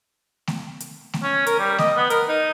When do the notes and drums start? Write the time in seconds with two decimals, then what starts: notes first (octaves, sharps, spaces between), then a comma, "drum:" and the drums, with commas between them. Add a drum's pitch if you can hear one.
0.47 drum: snare A3
0.80 drum: hi-hat
1.13 drum: snare A3
1.23 C#4
1.47 A#4, drum: hi-hat
1.59 G3
1.78 D#5, drum: snare A3
1.97 B3
2.10 A#4, drum: hi-hat
2.28 D#4